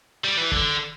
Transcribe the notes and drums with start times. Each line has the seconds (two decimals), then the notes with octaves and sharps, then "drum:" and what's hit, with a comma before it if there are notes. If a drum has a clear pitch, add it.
0.24 G3
0.37 E3
0.52 D3, drum: kick